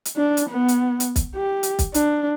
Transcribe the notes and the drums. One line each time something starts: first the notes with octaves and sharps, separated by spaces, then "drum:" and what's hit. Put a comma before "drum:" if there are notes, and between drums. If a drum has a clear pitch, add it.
drum: hi-hat
D4
drum: hi-hat
B3
drum: hi-hat
drum: hi-hat
drum: kick, hi-hat
G4
drum: hi-hat
drum: kick, hi-hat
D4, drum: hi-hat